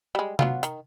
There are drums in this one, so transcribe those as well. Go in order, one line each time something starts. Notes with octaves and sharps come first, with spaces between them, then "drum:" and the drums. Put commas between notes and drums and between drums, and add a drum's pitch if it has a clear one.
G3 G#3
F#3 B3 F4, drum: tom C3
D#3, drum: hi-hat